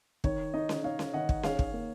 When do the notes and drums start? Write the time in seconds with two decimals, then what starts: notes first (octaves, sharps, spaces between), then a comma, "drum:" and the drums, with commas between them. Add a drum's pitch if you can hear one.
0.24 D#3 C#5, drum: kick
0.54 D#4 D#5
0.69 drum: snare C#4
0.84 D#4 C#5 F5
0.99 drum: snare C#4
1.13 D#3 D#5 F#5
1.29 drum: kick
1.43 G#4 C#5 F5, drum: snare C#4
1.59 drum: kick
1.73 A#3